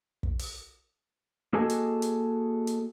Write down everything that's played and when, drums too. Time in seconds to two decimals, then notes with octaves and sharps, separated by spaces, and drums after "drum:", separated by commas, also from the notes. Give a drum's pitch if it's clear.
0.23 drum: kick
0.39 drum: open hi-hat
1.53 A#3 F#4 G#4 A4 D#5 G#5
1.70 drum: hi-hat
2.02 drum: hi-hat
2.67 drum: hi-hat